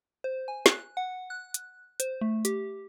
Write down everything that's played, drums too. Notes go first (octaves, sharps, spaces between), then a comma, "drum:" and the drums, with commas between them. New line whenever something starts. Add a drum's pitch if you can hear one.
C5
G#5
F#6, drum: snare
F#5
F#6
drum: hi-hat
C5, drum: hi-hat
A3
G4, drum: hi-hat